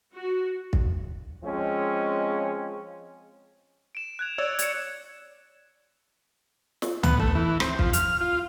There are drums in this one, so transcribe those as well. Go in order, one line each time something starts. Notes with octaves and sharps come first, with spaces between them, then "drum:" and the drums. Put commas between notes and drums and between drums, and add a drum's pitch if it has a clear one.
F#4
drum: kick
F3 G#3 C4 C#4
D7 E7
F#6 G#6 F7
C#5 D5 E6
G#6 C#7, drum: hi-hat
drum: snare
B3, drum: tom C#2
A3, drum: kick
E3
C4, drum: rim click
F3, drum: kick
F6, drum: hi-hat
F4